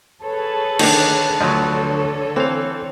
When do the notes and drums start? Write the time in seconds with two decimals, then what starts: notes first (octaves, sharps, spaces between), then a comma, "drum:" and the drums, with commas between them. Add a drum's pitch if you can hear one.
0.21 G#4 A4 B4 C#5 A5
0.79 D3 D#3 D4 D#4, drum: cymbal
1.41 D2 D3 F3 F#3 A4 C#5
2.36 E3 C4 F5